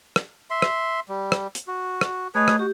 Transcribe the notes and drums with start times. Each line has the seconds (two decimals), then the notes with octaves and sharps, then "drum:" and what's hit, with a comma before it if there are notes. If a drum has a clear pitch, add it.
0.16 drum: rim click
0.50 E5 C6
0.62 drum: rim click
1.09 G3
1.32 drum: rim click
1.55 drum: hi-hat
1.67 F#4
2.01 drum: rim click
2.35 A3 G#4 B4 C#5 D#5 D#6
2.48 drum: rim click
2.59 F#4 G4